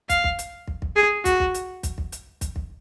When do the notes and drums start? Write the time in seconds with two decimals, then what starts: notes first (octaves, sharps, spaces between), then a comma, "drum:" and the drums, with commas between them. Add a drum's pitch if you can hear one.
0.09 F5, drum: kick, hi-hat
0.24 drum: kick
0.39 drum: hi-hat
0.68 drum: kick
0.82 drum: kick
0.96 G#4
1.25 F#4, drum: kick, hi-hat
1.40 drum: kick
1.54 drum: hi-hat
1.83 drum: kick, hi-hat
1.98 drum: kick
2.12 drum: hi-hat
2.41 drum: kick, hi-hat
2.56 drum: kick